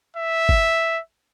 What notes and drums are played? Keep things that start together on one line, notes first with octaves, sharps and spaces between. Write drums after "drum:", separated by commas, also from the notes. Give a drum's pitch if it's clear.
E5
drum: kick G1